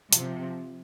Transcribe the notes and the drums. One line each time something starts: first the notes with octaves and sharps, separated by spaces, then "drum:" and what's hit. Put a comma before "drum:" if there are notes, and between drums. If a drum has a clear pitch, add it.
C3 F3, drum: hi-hat